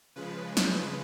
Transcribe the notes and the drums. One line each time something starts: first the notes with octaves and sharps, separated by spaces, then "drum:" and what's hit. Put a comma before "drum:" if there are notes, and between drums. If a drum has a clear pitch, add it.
C#3 F3 G#3 B4
drum: snare